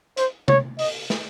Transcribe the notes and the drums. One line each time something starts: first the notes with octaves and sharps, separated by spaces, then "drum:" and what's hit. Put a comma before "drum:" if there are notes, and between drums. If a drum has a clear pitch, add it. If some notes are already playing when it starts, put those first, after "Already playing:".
C5, drum: hi-hat
C#5, drum: tom C3
D#5, drum: open hi-hat
drum: snare